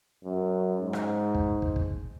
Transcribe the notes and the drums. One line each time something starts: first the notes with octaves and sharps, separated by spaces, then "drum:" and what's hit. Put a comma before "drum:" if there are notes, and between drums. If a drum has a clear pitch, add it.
F#2
G#2
drum: rim click
drum: kick
drum: kick
drum: kick